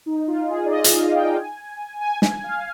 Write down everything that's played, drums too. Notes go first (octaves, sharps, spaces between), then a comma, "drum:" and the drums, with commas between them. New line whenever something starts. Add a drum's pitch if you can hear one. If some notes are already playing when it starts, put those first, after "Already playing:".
D#4
F4
G#4
D5
D#5
drum: hi-hat
F5
G5
G#5
G#5
G#5, drum: snare
F5